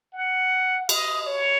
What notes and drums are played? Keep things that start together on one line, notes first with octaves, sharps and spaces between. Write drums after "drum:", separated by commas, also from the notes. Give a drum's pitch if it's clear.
F#5
D#5, drum: cymbal
C#5